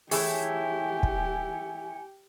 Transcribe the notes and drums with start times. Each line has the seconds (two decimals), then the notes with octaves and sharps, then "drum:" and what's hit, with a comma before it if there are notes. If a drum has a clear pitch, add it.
0.11 E3 A3 E4 G4 G#4 C#5 G#5, drum: open hi-hat
1.03 drum: kick